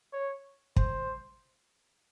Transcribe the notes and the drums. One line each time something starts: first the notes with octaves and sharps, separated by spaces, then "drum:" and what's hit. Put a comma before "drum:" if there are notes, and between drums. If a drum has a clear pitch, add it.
C#5
C5, drum: kick